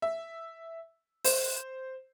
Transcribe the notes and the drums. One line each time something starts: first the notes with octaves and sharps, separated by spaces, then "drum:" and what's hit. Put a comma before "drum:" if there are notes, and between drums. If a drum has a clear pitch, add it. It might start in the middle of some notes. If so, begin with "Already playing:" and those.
E5
C5, drum: open hi-hat